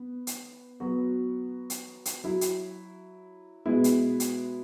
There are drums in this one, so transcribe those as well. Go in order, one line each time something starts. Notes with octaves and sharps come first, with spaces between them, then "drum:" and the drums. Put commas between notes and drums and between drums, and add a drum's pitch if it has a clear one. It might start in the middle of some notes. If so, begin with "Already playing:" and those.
Already playing: B3
drum: hi-hat
F#3 B3 F#4
drum: hi-hat
drum: hi-hat
F#3 E4
drum: hi-hat
B2 G#3 B3 E4
drum: hi-hat
drum: hi-hat